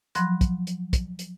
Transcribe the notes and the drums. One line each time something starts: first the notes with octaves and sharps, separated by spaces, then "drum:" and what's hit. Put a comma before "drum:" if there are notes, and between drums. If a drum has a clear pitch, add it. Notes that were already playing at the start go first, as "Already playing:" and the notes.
F3 F#3 B5 C6 F#6 A#6, drum: hi-hat
drum: kick, hi-hat
drum: hi-hat
drum: kick, hi-hat
drum: hi-hat